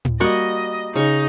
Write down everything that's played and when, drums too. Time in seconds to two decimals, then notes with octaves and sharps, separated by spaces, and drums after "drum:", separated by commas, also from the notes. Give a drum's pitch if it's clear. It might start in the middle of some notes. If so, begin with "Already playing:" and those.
0.05 drum: tom A2
0.20 G3 A#3 F#4 D#5
0.95 C#3 D#4 C#6